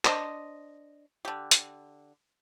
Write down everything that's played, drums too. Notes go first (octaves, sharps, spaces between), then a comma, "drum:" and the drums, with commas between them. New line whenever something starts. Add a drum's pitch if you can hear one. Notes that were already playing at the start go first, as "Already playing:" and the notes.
D4 C5 D#5, drum: clap
D3 G4
drum: hi-hat